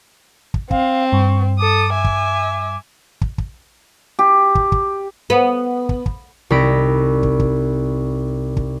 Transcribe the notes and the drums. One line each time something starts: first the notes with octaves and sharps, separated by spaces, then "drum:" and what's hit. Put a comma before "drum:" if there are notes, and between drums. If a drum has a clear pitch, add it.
drum: kick
C4 F5, drum: kick
G2 C#6
A4 D6 D#6
E5 G#5
drum: kick
drum: kick
drum: kick
G4
drum: kick
drum: kick
B3
drum: kick
drum: kick
C2 D#4 B5 A#6 D7
drum: kick
drum: kick
drum: kick